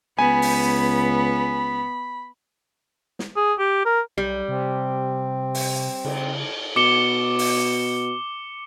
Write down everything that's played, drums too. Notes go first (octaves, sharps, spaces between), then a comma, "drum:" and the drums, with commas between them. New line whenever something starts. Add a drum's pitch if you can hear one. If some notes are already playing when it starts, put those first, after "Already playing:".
C#2 B3 G#5 B5
drum: open hi-hat
drum: snare
G#4
G4
A#4
B1 G3
C3 C4
drum: open hi-hat
C#3, drum: cymbal
B2 D6 C#7 G7
drum: open hi-hat